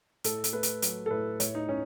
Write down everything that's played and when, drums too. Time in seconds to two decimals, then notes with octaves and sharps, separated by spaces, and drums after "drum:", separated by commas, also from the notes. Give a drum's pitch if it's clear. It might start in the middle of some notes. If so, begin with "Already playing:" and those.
0.24 A2 A4, drum: hi-hat
0.44 drum: hi-hat
0.53 A3 B4
0.63 drum: hi-hat
0.82 F#3, drum: hi-hat
1.06 A4
1.11 A2 B4
1.40 A2 C#5, drum: hi-hat
1.55 D#4
1.69 A2 C#4